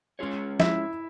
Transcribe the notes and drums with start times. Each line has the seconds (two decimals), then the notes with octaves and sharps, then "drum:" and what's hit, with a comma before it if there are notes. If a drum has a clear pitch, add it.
0.19 G#3 C#4 F4 G#4 C#5
0.60 E4 E5, drum: snare F3